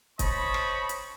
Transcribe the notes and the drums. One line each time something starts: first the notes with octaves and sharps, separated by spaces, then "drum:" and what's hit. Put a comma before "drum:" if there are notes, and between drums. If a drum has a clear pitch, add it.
C5 C#5 D#5 A5 B5 C#6, drum: kick, hi-hat
drum: rim click
drum: hi-hat